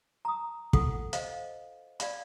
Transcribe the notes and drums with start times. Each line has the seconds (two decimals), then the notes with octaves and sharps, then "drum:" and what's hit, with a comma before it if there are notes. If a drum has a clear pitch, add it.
0.25 A#5 D#6
0.73 F4 A4 F#5, drum: kick
1.13 C5 D#5 F5, drum: hi-hat
2.00 D5 F5 B5, drum: hi-hat